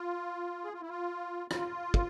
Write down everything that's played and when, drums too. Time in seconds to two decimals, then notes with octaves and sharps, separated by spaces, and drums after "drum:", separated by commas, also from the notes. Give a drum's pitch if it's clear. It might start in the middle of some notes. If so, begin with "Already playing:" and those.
Already playing: F4
0.65 G#4
0.73 F4
0.82 E4
0.89 F4
1.51 F4, drum: rim click
1.94 drum: kick